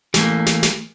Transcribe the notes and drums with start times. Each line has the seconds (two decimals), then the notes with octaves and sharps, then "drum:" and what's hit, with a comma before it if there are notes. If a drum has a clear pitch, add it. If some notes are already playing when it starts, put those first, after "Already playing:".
0.14 E3 A3 A#3, drum: snare
0.46 drum: snare
0.63 drum: snare